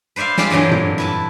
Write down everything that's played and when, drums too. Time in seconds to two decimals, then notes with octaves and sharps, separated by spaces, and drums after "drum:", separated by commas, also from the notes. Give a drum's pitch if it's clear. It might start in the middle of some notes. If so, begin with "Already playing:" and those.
0.16 B4 C5 D5 E5 F5
0.38 G#3 C4 F4 G4 D5 F5, drum: snare
0.50 G2 A#2 D3 E3 F#3
0.71 drum: tom
0.98 E4 B4 A5